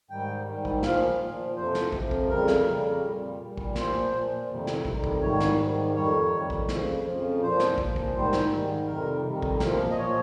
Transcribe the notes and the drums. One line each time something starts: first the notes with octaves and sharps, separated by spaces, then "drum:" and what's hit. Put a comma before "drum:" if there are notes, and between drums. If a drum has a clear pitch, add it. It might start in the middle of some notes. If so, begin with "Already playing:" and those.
G#2 D#3 G3 G5
G#2 D#3 G3
drum: kick
A#2 F3 F5, drum: snare
A#2 F3
F2 C3 F3 C5
drum: snare
F2 C3 F3, drum: kick
drum: kick
F2 C#3 G3 A#4
drum: snare
F2 C#3 G3
A#2 G3
A#2 G3
drum: kick
A#2 F3 C5, drum: snare
A#2 F3
F2 C3 D#3 G3
drum: snare
F2 C3 D#3 G3, drum: kick
drum: kick
G#2 D#3 G3 C#5
drum: snare
G#2 D#3 G3
F2 D#3 G3 C#5
F2 D#3 G3
drum: kick
F2 C#3 F3, drum: snare
F2 C#3 F3
A#2 F3 C5
drum: snare
A#2 F3, drum: kick
drum: kick
G#2 D#3 G3 C5
drum: snare
G#2 D#3 G3
F2 C3 D#3 G3 A#4
F2 C3 D#3 G3
drum: kick
A#2 F3 A#4, drum: snare
A#4
D#5
A#2 F3 C#5